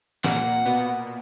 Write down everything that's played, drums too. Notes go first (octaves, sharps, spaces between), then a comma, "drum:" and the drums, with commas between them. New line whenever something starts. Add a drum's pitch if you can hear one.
A#2 A#3 F#5, drum: snare
B2 B3